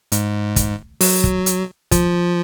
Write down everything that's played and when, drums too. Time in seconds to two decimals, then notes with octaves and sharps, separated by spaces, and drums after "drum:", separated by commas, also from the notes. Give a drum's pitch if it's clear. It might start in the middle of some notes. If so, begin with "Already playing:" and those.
0.12 G#2, drum: hi-hat
0.56 drum: kick, hi-hat
1.01 F#3, drum: open hi-hat
1.24 drum: kick
1.46 drum: hi-hat
1.91 F3, drum: kick, hi-hat